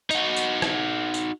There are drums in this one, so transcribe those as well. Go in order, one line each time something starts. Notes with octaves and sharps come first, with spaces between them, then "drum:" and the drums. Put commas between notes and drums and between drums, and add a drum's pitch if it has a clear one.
D#4 F#4, drum: tambourine
drum: tambourine
drum: rim click
drum: tambourine